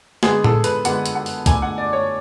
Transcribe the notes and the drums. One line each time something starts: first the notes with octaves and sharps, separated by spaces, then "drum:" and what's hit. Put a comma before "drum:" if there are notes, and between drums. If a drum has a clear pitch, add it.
D3 G#3 B3 G#4, drum: snare
A4, drum: tom A2
B4, drum: hi-hat
D3 G#3 B3 F#5, drum: hi-hat
drum: hi-hat
F#5
drum: open hi-hat
D3 A3 D4 G#5, drum: kick C2, hi-hat
F#5
D5
C#5